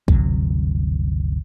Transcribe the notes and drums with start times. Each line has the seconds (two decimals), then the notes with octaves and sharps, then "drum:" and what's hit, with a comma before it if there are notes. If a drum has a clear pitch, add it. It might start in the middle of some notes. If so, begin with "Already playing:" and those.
0.08 G1 D2 C3 F#3, drum: kick